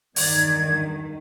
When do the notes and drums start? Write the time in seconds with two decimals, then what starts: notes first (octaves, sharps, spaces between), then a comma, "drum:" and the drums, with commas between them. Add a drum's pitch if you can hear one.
0.16 E2 G2 D#3 D5 G#6, drum: open hi-hat